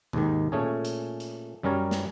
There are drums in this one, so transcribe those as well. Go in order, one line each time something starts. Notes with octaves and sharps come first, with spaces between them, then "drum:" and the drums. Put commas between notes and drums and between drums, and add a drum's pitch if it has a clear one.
D#2 G#2 D#3, drum: tom B2
A#2 A3 C#4 G#4
drum: hi-hat
drum: hi-hat
F#2 G3 C#4 A#4 C#5
drum: snare